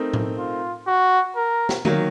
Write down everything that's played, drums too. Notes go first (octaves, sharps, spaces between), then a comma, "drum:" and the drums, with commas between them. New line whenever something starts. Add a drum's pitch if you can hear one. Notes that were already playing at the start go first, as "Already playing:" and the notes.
Already playing: A3 C4 D#4 A#4
drum: tom A2
F4
F#4
A#4
drum: snare
D#3 F#3 A#3, drum: tom D3